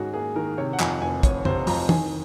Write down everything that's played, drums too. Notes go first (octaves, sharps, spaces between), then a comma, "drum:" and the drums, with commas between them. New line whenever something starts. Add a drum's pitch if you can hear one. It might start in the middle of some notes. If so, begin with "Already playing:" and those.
Already playing: G#2 D#3 C#4 F#4 G#4 A#4
A#3 G#4
D#3 A#4
C3 C#5
F#5
F2 G#5, drum: clap
F1 G#5
F1 C#5, drum: kick, hi-hat
C3 C5, drum: tom
F2 A#5, drum: open hi-hat
D#3 G#5, drum: tom